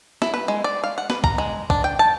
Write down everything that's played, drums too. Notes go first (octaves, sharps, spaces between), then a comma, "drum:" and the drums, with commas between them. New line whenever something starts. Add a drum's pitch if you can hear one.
E4, drum: snare
B4
G#3
D5
F5
F#5
B4, drum: snare
A#5, drum: kick
G#3
D4, drum: kick
G5
A5